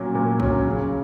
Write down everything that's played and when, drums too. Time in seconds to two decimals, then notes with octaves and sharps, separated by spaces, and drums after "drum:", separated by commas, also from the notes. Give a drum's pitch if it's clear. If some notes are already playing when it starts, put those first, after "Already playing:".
Already playing: A#2 F#3 C#4
0.15 A#2
0.40 F#3 C#4, drum: kick
0.65 C#3